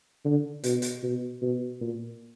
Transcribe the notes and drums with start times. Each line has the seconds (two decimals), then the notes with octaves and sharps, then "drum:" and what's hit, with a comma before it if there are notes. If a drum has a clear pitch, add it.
0.25 D3
0.64 B2, drum: hi-hat
0.82 drum: hi-hat
1.03 B2
1.42 B2
1.81 A#2